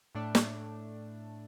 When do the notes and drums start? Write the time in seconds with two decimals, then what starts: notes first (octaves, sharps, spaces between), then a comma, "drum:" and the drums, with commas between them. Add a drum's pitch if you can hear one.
0.15 A2 A3 D4
0.35 drum: snare